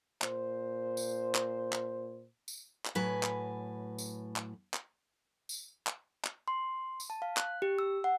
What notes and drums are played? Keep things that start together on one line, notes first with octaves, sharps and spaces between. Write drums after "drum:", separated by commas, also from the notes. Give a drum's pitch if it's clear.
A#2 C5, drum: clap
drum: tambourine
drum: clap
drum: clap
drum: tambourine
drum: clap
A2 F#3 B4 G#5
drum: clap
drum: tambourine
drum: clap
drum: clap
drum: tambourine
drum: clap
drum: clap
C6
drum: tambourine
A5
F5
F#6, drum: clap
G4
E6
F#5